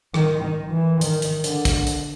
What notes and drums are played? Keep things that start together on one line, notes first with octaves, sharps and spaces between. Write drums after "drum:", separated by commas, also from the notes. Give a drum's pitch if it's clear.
D#3, drum: rim click
D#3
E3
D#3, drum: hi-hat
drum: hi-hat
D3, drum: hi-hat
drum: kick, hi-hat
drum: hi-hat